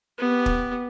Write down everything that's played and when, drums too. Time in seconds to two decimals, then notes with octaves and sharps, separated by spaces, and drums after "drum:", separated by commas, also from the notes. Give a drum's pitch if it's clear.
0.18 B3 G4
0.46 drum: kick